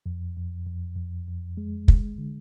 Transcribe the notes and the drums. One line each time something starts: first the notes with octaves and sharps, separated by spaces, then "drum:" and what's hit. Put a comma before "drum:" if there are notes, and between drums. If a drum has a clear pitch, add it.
F2
F2
F2
F2
F2
G#3
G#3, drum: kick
D3